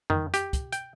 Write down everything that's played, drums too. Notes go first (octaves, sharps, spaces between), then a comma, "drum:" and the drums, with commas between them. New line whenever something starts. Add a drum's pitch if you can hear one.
D#3, drum: tom F2
G4, drum: hi-hat
drum: kick, hi-hat
G5, drum: hi-hat